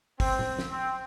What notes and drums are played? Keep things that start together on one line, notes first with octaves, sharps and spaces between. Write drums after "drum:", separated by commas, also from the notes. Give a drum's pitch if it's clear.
C4, drum: kick, open hi-hat
drum: tom A2
drum: snare
C4